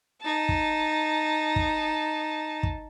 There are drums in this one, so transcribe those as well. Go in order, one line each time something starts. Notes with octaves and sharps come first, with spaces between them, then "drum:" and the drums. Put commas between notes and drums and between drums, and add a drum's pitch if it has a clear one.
D#4 A5
drum: kick
drum: kick
drum: kick